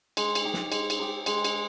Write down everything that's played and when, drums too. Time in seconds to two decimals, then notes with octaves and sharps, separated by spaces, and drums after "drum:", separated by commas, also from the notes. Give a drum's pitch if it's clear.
0.17 G#3, drum: cymbal
0.35 drum: cymbal
0.44 D#4 G4
0.54 drum: snare
0.72 G#3, drum: cymbal
0.90 drum: cymbal
0.99 D#4 G4
1.26 G#3, drum: cymbal
1.44 drum: cymbal